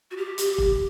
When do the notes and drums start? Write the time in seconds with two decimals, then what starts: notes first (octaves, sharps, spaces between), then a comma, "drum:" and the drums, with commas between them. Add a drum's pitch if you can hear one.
0.11 F#4
0.17 G4
0.38 G4, drum: hi-hat
0.58 drum: kick